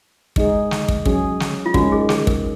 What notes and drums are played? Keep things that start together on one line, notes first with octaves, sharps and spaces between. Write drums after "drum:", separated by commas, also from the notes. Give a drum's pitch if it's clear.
G#3 D#4 G#4, drum: kick
drum: snare
drum: kick
F#3 C#4 G#4, drum: kick
drum: snare
F4
D#3 G#3 C#4 F#4, drum: kick
G#4
G#4, drum: snare
A#4, drum: kick